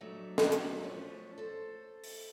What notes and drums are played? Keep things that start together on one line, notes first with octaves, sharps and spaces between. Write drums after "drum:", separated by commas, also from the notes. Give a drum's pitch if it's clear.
F2 F#3 A3 D4 E5
drum: snare
drum: hi-hat
F3 A3 C#4 D4
A4 C5
drum: open hi-hat